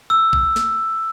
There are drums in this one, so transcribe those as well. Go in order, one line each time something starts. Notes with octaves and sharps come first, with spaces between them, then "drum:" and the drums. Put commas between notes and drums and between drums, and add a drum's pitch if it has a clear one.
E6
drum: kick
drum: snare